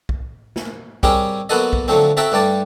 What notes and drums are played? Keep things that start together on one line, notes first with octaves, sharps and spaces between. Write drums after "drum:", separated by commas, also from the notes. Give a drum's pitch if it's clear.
drum: kick
drum: snare
G3 C4 C#4 G4 G#4 A#4, drum: kick
F#3 A#3 B3 F#4 A4 D#5
drum: kick
D3 F3 F#3 A3 C4
C4 F#4 A4 E5 G5 A#5
G2 G3 A3 D5 A5